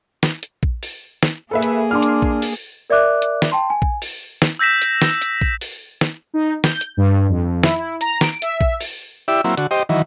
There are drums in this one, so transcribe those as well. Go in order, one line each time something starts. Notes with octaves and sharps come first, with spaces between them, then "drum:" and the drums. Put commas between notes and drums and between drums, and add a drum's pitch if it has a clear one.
drum: snare
drum: hi-hat
drum: kick A#1
drum: open hi-hat
drum: snare
A#3 G#4 A4 B4 E5
drum: hi-hat
D4 C6 D6 F6
drum: hi-hat
drum: kick A#1
drum: open hi-hat
A#4 D5 E5 D6 F#6
drum: hi-hat
drum: snare
G5 A5 C6
G#5
drum: kick A#1
drum: open hi-hat
drum: snare
E6 G6 A#6 B6 E7
drum: hi-hat
drum: snare
drum: hi-hat
drum: kick A#1
drum: open hi-hat
drum: snare
D#4
G6, drum: snare
drum: hi-hat
G2
F2
E4, drum: snare
E4
A#5, drum: hi-hat
D7, drum: snare
E5, drum: hi-hat
drum: kick A#1
drum: open hi-hat
E4 G4 D5 E5
F#3 A#3 C4 E4
D3 F#4, drum: hi-hat
G4 C5 D#5
D#3 E3 F#3